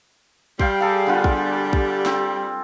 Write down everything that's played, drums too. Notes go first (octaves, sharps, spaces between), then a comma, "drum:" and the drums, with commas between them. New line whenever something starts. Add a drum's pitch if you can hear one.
G3 F5 G5 C6, drum: kick
G#4 A4 F5
D3 B3 F4
drum: kick
drum: kick
C4, drum: snare